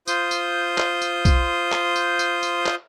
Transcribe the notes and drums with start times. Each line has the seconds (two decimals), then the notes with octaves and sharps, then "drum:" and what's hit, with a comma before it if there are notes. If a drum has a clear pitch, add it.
0.08 F4 C5 D#6 G6, drum: tambourine
0.31 drum: tambourine
0.78 drum: clap
1.02 drum: tambourine
1.25 drum: kick B1, tambourine
1.72 drum: clap
1.96 drum: tambourine
2.19 drum: tambourine
2.43 drum: tambourine
2.66 drum: clap